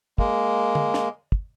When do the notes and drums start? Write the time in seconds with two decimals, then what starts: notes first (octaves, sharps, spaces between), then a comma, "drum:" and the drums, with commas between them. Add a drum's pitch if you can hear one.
0.18 G#3 A#3, drum: kick
0.75 drum: tom
0.94 drum: snare
1.32 drum: kick